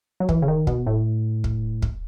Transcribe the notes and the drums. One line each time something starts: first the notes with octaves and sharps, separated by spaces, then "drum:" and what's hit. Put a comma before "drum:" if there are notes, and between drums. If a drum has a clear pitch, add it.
F#3
E3, drum: kick
C#3
D#3
B2, drum: kick
A2
drum: kick
drum: kick